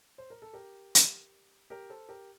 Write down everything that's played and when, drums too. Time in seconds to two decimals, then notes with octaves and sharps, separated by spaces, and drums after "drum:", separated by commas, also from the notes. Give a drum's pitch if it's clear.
0.18 C5
0.30 A#4
0.42 A4
0.53 G4 A#4
0.95 drum: hi-hat
1.70 G4 A#4
1.90 A4 C5
2.09 G4 A#4